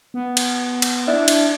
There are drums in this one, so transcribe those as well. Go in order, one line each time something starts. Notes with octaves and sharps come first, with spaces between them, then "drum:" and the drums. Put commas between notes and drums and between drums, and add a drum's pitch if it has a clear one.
B3
drum: cymbal
drum: cymbal
D4 E4
drum: cymbal